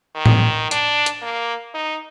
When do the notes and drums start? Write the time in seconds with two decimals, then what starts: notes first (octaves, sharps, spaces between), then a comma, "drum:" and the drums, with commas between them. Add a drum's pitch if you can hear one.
0.15 D#3
0.26 drum: tom A2
0.71 D4, drum: hi-hat
1.06 drum: hi-hat
1.22 A#3
1.74 D#4